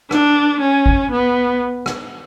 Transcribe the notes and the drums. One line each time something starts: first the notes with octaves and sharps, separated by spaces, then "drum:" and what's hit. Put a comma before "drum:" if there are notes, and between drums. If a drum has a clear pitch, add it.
D4, drum: rim click
C#4
drum: kick G#1
B3
drum: rim click